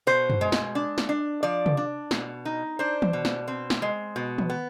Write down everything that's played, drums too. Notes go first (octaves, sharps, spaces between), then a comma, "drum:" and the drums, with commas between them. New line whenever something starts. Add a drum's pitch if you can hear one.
B2 C5
drum: tom
G#3
drum: snare
D4
drum: snare
D4
F3 D5
drum: tom
D4
B2, drum: snare
D#4
D4 C5
drum: tom
B2
drum: snare
C4
drum: snare
G#3
B2
drum: tom
B3